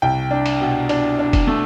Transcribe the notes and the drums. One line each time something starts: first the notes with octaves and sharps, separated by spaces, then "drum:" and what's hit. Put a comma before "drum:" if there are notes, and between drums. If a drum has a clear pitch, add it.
C2 G5
D4
drum: cymbal
B2
D4, drum: cymbal
D4
drum: kick F1, cymbal
A3